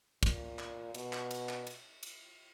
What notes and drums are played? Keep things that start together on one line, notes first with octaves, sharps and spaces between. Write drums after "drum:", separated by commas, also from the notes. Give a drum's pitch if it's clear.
A#2, drum: kick, cymbal
drum: clap
B2, drum: cymbal
drum: clap
drum: cymbal
drum: clap
drum: cymbal
drum: cymbal